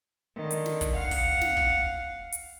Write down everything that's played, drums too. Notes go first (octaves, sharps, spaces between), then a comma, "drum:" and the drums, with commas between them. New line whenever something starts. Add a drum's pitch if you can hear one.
D3 D#3
drum: hi-hat
drum: snare
drum: kick, hi-hat
F5 F#5
drum: kick, open hi-hat
drum: snare
drum: kick
drum: hi-hat